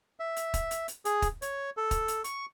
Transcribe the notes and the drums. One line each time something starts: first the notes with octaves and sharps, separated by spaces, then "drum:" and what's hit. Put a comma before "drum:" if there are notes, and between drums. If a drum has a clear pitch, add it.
E5
drum: hi-hat
drum: kick, hi-hat
drum: hi-hat
drum: hi-hat
G#4, drum: hi-hat
drum: kick, hi-hat
C#5, drum: hi-hat
A4
drum: kick, hi-hat
drum: hi-hat
C#6, drum: hi-hat